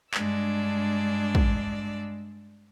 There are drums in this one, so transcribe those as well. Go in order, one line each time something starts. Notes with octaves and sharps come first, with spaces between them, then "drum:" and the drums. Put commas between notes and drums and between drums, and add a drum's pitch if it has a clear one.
G2 G#3 D4 D5 E6, drum: clap
drum: kick